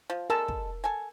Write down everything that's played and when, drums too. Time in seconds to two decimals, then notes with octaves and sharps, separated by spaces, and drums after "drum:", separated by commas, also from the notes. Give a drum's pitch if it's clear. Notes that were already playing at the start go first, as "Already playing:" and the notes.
0.10 F3
0.30 G#3 A4 A#4 A5 E6
0.48 drum: kick
0.84 A4 G#5